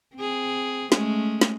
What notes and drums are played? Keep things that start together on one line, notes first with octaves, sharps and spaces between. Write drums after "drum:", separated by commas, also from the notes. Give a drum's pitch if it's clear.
C4 G#4
G#3 A3 C#4, drum: snare
drum: snare